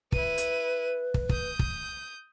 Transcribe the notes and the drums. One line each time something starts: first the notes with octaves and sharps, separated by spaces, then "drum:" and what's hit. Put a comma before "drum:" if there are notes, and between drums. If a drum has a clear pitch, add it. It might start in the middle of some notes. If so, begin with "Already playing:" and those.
E4 B4 D#7, drum: kick
drum: hi-hat
drum: kick
D#6 G6, drum: kick
drum: kick